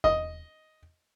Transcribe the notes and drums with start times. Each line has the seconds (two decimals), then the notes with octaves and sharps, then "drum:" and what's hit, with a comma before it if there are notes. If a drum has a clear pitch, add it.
0.04 D#5, drum: kick E2